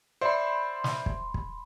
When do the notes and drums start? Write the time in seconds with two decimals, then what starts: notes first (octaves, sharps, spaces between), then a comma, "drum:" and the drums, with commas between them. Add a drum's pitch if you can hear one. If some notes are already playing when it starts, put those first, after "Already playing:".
0.21 C5 D5 E5 B5 C6
0.84 drum: snare
1.06 drum: kick
1.34 drum: kick